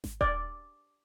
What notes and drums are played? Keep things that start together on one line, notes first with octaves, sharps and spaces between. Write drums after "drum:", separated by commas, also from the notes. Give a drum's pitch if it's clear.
drum: snare G#1
D5, drum: kick D#1